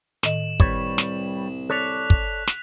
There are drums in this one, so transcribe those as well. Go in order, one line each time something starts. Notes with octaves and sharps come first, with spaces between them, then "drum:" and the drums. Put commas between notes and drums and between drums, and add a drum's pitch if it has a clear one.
A2 D#3 D#5 E7 F#7, drum: snare
C2 G3 B4 C#5, drum: kick
drum: snare
A4 C#5 D5 F#6 B6 F7
drum: kick
drum: snare